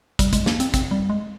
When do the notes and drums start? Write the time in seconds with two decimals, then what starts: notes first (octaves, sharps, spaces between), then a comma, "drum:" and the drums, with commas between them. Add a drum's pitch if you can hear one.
0.19 G3, drum: kick, hi-hat
0.33 G#3, drum: kick, hi-hat
0.46 A#3, drum: snare
0.60 C4, drum: hi-hat
0.74 C4, drum: kick, hi-hat
0.91 G3
1.10 G#3